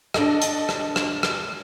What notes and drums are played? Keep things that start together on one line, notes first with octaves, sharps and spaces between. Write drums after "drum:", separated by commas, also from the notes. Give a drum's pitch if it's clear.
D4 A4 D#5, drum: rim click
drum: hi-hat
drum: rim click
drum: rim click
drum: rim click